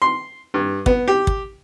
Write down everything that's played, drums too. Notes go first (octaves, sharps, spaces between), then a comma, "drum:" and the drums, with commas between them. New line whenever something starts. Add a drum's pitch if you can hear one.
C6
G2
B3, drum: kick
G4
drum: kick